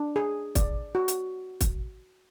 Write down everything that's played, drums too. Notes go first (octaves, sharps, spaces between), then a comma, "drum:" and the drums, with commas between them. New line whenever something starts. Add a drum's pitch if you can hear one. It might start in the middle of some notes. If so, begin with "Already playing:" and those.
Already playing: D4
G#4
D5, drum: kick, hi-hat
F#4
drum: hi-hat
drum: kick, hi-hat